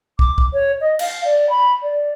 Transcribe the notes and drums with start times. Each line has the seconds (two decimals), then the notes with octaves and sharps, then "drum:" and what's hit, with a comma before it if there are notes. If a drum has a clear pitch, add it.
0.19 D6, drum: kick
0.38 drum: kick
0.53 C#5
0.80 D#5
0.99 F5, drum: cymbal
1.24 D5
1.49 B5
1.82 D5